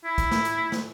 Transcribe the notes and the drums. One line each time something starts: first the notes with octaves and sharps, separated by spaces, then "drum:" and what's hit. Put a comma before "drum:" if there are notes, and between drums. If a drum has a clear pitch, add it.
E4
drum: kick, hi-hat
drum: snare
drum: hi-hat
drum: snare